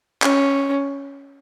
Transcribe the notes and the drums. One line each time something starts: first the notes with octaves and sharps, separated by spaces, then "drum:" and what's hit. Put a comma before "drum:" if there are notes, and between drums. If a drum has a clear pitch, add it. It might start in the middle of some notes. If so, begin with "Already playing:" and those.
C#4, drum: clap